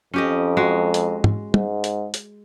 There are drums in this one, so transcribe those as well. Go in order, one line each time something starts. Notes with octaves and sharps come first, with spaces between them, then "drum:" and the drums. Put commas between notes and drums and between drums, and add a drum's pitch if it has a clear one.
F2 C#4 G4 D#5
G#3 F#4
drum: hi-hat
drum: tom
G#2, drum: tom
drum: hi-hat
drum: hi-hat